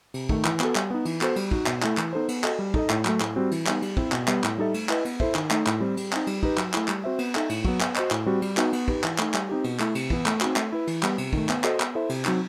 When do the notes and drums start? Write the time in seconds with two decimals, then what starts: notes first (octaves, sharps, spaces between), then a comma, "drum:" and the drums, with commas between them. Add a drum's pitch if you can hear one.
0.14 C3, drum: cymbal
0.29 D#3 A3, drum: kick
0.44 E3, drum: clap
0.60 B3 F#4 A4, drum: clap
0.75 G3, drum: clap
0.90 B3 D#4
1.05 E3, drum: cymbal
1.21 B3 F#4 A4 C5, drum: clap
1.36 G3, drum: cymbal
1.51 D#4 F#4, drum: kick
1.66 B2, drum: clap
1.82 A3 E4, drum: clap
1.97 E3, drum: clap
2.13 B3 D#4 A4 C5
2.28 B3, drum: cymbal
2.44 F#4 A4 D#5, drum: clap
2.59 G3
2.74 D#4 A4 D#5, drum: kick
2.90 A2, drum: clap
3.05 F#3 A3, drum: clap
3.20 A2, drum: clap
3.36 G3 C4 F#4
3.51 E3, drum: cymbal
3.66 G3 B3 D#4, drum: clap
3.82 G3, drum: cymbal
3.97 C4 E4, drum: kick
4.12 B2, drum: clap
4.28 G3 B3, drum: clap
4.44 A2, drum: clap
4.58 G3 D#4 A4 E5
4.74 A3, drum: cymbal
4.89 E4 B4 D#5, drum: clap
5.05 B3, drum: cymbal
5.20 E4 A4 C5 E5, drum: kick
5.35 D#3, drum: clap
5.51 A3 D#4, drum: clap
5.66 A2, drum: clap
5.81 G3 C4
5.97 G3, drum: cymbal
6.12 C4 D#4, drum: clap
6.27 G3, drum: cymbal
6.43 D#4 G4 B4, drum: kick
6.57 F#3, drum: clap
6.74 A3 E4, drum: clap
6.88 G3, drum: clap
7.04 C4 F#4 C5 E5
7.19 B3, drum: cymbal
7.35 D#4 A4 E5, drum: clap
7.49 A2, drum: cymbal
7.65 F#3 B3, drum: kick
7.80 B3, drum: clap
7.96 F#4 C5 D#5, drum: clap
8.11 A2, drum: clap
8.26 G3 C4 F#4
8.42 G3, drum: cymbal
8.57 B3 D#4 F#4, drum: clap
8.73 B3, drum: cymbal
8.88 D#4 G4 B4, drum: kick
9.04 E3, drum: clap
9.18 A3 D#4, drum: clap
9.34 G3, drum: clap
9.49 C4 D#4 G4
9.64 B2, drum: cymbal
9.80 A3 E4, drum: clap
9.95 C3, drum: cymbal
10.10 E3 B3 E4, drum: kick
10.26 A3, drum: clap
10.41 C4 D#4 F#4, drum: clap
10.56 A3, drum: clap
10.72 E4 B4
10.87 E3, drum: cymbal
11.03 G3 B3, drum: clap
11.18 C3, drum: cymbal
11.33 D#3 A3, drum: kick
11.49 B3, drum: clap
11.64 F#4 A4 C5 D#5, drum: clap
11.80 B3, drum: clap
11.95 E4 A4 C5 E5
12.09 C3, drum: cymbal
12.25 F#3 C4 D#4, drum: clap